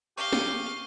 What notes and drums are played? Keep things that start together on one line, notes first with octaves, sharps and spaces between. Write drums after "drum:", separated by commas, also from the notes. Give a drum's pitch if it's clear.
G4 F5 C#6 G7
drum: snare